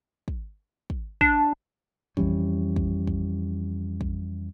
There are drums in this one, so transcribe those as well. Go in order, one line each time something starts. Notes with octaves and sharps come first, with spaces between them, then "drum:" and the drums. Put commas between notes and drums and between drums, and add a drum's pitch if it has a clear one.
drum: kick
drum: kick
D4, drum: kick
F2 E3 G3 C#4, drum: kick
drum: kick
drum: kick
drum: kick